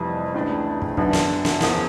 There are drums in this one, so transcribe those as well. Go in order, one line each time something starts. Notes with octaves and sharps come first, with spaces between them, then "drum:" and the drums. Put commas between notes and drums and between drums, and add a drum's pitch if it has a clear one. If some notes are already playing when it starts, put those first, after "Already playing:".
Already playing: F1 F2 C3 E3 G3
C#2 C#3 E3 A3 D4
drum: kick
F#2 D3 F#3 B3 D4, drum: kick
drum: snare
drum: snare
E2 C#3 F3 A#3, drum: snare